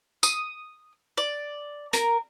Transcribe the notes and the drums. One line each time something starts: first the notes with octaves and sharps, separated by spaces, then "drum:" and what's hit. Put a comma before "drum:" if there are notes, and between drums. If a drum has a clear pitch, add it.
D#6, drum: tambourine
D5
A#4, drum: hi-hat